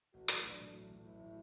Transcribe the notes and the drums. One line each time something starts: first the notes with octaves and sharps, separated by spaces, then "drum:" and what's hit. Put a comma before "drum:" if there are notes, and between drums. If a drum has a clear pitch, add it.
A1 F#4
A2 F#3, drum: hi-hat
A1 D4
A2 F#3
A1
A2 F#3
A1 E4
A2 F#3